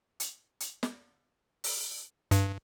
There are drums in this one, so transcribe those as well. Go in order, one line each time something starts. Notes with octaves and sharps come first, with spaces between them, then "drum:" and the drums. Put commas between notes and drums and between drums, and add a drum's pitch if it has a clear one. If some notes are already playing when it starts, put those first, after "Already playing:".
drum: hi-hat
drum: hi-hat
drum: snare
drum: open hi-hat
G2, drum: hi-hat